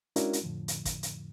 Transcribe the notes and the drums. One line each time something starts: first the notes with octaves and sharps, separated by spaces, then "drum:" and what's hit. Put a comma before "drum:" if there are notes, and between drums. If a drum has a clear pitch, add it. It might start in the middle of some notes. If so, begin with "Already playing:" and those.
G#3 C#4 D4 E4 F#4 A#4, drum: hi-hat
drum: hi-hat
F2 A2 D3 F3
drum: hi-hat
drum: kick, hi-hat
drum: hi-hat